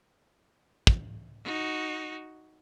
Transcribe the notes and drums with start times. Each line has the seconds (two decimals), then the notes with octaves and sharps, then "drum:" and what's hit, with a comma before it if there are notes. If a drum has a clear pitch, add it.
0.87 drum: kick
1.45 D#4 F#4